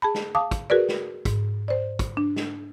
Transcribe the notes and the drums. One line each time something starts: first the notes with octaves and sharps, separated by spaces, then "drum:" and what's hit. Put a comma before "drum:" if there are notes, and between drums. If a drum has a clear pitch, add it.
G#4 A5 B5
drum: snare
F5 A5 D6 D#6
drum: kick, hi-hat
F#4 G#4 A#4 B4 D5
drum: snare
G#2, drum: kick, hi-hat
C5 D5
drum: kick, hi-hat
D4
drum: snare